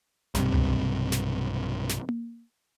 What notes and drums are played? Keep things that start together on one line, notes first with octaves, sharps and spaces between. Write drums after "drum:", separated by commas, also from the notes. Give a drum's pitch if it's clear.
B1 G2 C3, drum: snare
drum: tom C#2
drum: snare
drum: snare
drum: tom A#3